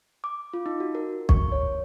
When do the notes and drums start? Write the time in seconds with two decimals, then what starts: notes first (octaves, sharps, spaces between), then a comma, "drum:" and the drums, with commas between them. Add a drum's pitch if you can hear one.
0.24 D6
0.54 F4
0.66 D#4
0.80 F#4
0.95 A#4
1.29 C#6, drum: kick B1
1.52 C#5